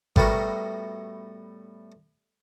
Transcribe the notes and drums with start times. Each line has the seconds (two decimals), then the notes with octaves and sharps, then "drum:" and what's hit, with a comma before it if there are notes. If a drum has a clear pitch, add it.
0.16 A2 G3 A3 B3 F#4 A#4, drum: kick G#1